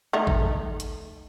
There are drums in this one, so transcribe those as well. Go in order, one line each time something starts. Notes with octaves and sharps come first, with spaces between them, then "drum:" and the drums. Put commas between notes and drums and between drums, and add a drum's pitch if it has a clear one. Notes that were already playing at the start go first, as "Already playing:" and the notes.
A3 D#4
drum: kick G#1
drum: hi-hat